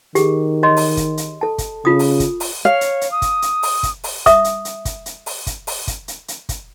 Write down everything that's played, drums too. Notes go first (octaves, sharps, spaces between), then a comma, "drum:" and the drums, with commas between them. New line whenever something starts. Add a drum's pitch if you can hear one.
D#3 G4 G#4, drum: hi-hat
C#5 D#5 C6
drum: open hi-hat
drum: kick, hi-hat
drum: hi-hat
A4 A5
drum: kick, hi-hat
C#3 F4 D#6
drum: open hi-hat
drum: kick, hi-hat
drum: open hi-hat
C#5 F5
drum: hi-hat
drum: hi-hat
D#6
drum: kick, hi-hat
drum: hi-hat
drum: open hi-hat
drum: kick, hi-hat
drum: open hi-hat
E5 D#6, drum: kick, hi-hat
drum: hi-hat
drum: hi-hat
drum: kick, hi-hat
drum: hi-hat
drum: open hi-hat
drum: kick, hi-hat
drum: open hi-hat
drum: kick, hi-hat
drum: hi-hat
drum: hi-hat
drum: kick, hi-hat